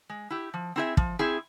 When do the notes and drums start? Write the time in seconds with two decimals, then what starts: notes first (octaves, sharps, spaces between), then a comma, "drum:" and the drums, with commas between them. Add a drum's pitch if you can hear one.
0.10 G#3
0.30 E4 G4
0.54 F3
0.76 C4 E4 G#4 E5
0.97 F3, drum: kick
1.19 C4 E4 G#4 E5